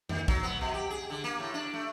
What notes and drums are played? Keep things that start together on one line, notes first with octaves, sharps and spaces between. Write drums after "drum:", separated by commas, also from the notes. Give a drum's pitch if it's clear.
D#3, drum: tom F2
F#3, drum: kick
B3
B2
G4
G#4
D3
A#3
A2
D4
A3